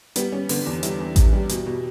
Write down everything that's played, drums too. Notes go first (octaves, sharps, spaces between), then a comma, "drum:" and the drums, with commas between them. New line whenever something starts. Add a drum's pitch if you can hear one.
G3 B3, drum: hi-hat
G3 C#4
D3 B3, drum: open hi-hat
E2 D4
G3 E4, drum: hi-hat
E2
E2, drum: kick A1, hi-hat
G3
B2, drum: hi-hat
B2